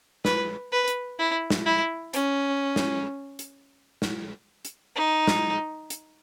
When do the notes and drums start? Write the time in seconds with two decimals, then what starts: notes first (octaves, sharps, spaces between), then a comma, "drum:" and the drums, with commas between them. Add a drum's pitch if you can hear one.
0.25 B4, drum: snare
0.72 B4
0.88 drum: hi-hat
1.19 E4
1.50 drum: snare
1.66 E4
2.14 C#4, drum: hi-hat
2.76 drum: snare
3.39 drum: hi-hat
4.02 drum: snare
4.65 drum: hi-hat
4.96 D#4
5.27 drum: snare
5.90 drum: hi-hat